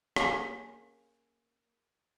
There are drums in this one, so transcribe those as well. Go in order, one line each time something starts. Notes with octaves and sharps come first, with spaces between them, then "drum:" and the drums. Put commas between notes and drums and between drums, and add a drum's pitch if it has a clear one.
A#3 C#4 G#4, drum: rim click